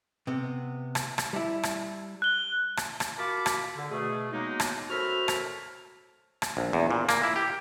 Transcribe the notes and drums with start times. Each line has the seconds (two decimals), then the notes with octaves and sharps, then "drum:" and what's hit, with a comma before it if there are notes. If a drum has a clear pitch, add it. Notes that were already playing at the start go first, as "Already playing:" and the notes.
0.27 C3 B3
0.95 drum: rim click
1.18 drum: rim click
1.33 G3 E4
1.63 drum: rim click
2.22 F#6 G7
2.77 drum: rim click
3.00 drum: rim click
3.19 F4 F#4 A#4 A5 B5 D6
3.46 drum: rim click
3.77 D3
3.91 B2 A3 G#4
4.33 F#3 G#3 A#3 B3 D#4
4.60 drum: rim click
4.90 F#2 F#4 A4 C5 B5 F6
5.28 drum: rim click
6.42 drum: rim click
6.57 A#1
6.73 E2
6.91 A#2
7.09 A#3, drum: rim click
7.23 E4
7.36 G4